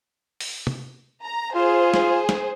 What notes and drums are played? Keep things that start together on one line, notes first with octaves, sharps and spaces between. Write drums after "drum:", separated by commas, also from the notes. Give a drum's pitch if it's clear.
drum: open hi-hat
drum: tom
A#5
F4 G#4 C5
drum: snare
drum: snare